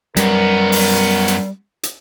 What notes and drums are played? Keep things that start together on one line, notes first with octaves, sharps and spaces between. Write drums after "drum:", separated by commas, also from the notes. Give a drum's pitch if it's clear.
F#2 G3 B3 A#4, drum: hi-hat
drum: open hi-hat
drum: hi-hat
drum: hi-hat